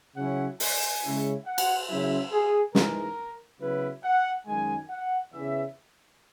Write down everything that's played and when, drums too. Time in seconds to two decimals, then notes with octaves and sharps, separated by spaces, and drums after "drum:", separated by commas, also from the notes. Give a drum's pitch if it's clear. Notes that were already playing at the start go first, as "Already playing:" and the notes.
0.16 C#3 F#3 C#4 E4 F#5
0.60 G#5, drum: open hi-hat
1.03 C#3 G#3 C#4 E4
1.46 F#5
1.58 drum: cymbal
1.89 C#3 F#3 C#4 E4 E5
2.32 G#4
2.75 G#2 E3 G#3 D#4 A#4, drum: snare
3.61 C#3 F#3 B3 E4 B4
4.04 F#5
4.46 F#2 D#3 G#3 G#5
4.89 F#5
5.33 E2 C#3 E3 E5